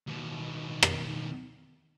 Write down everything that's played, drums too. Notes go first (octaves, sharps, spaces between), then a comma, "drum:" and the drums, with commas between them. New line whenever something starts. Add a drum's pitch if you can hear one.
D#2 B2
drum: rim click